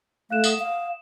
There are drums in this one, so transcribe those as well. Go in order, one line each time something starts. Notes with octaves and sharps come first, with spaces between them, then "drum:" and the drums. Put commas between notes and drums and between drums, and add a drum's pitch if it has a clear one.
A3 F5 F#6 E7
F#5 D#6 E7, drum: tambourine
F5